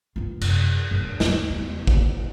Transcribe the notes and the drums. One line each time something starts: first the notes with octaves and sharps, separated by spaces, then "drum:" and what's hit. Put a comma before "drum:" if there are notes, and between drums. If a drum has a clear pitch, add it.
G2 F4
F#2 C3, drum: cymbal
G2 D4
D#2, drum: snare
E2 C#3
A#3, drum: kick A1